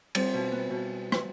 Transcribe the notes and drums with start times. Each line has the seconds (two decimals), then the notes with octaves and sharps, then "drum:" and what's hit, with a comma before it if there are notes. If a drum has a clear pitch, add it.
0.15 G3 C4, drum: cymbal
0.34 B2
0.52 B3
0.70 B2
1.12 drum: rim click